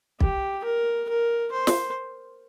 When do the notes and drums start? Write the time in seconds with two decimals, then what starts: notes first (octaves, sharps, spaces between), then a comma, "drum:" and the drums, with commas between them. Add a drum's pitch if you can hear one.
0.20 G4, drum: kick
0.65 A#4
1.09 A#4
1.52 C5
1.67 drum: snare